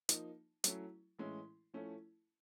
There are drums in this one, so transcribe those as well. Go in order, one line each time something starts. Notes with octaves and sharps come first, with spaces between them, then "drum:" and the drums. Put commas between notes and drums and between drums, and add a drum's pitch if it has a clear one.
F3 A#3 D#4, drum: hi-hat
F#3 A3 C#4 E4, drum: hi-hat
A2 E3 G#3 C#4 E4
F3 A3 C#4 E4